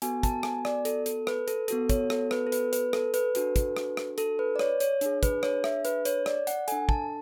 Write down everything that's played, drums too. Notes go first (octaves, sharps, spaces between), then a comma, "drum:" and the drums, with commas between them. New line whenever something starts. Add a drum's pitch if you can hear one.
B3 F#4 A4 G#5, drum: hi-hat
A5, drum: kick, hi-hat
G#5, drum: rim click
D5, drum: rim click
A4, drum: hi-hat
A4, drum: hi-hat
B4, drum: rim click
A4, drum: hi-hat
B3 F#4 A4, drum: hi-hat
C#5, drum: kick, hi-hat
A4, drum: rim click
B4, drum: rim click
A4
B4, drum: hi-hat
B4, drum: hi-hat
A4, drum: rim click
B4, drum: hi-hat
D4 F#4 A4, drum: hi-hat
drum: kick, hi-hat
drum: rim click
drum: rim click
A4, drum: hi-hat
B4
D5
C#5, drum: rim click
C#5, drum: hi-hat
D4 G#4, drum: hi-hat
B4, drum: kick, hi-hat
C#5, drum: rim click
E5, drum: rim click
B4, drum: hi-hat
C#5, drum: hi-hat
D5, drum: rim click
F#5, drum: hi-hat
D4 A4 G#5, drum: hi-hat
A5, drum: kick